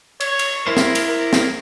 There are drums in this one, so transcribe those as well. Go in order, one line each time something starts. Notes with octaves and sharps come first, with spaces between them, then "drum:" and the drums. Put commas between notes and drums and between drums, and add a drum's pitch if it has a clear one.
C#5, drum: cymbal
drum: cymbal
E4 A#4 C5
drum: snare
drum: cymbal
A#4
drum: snare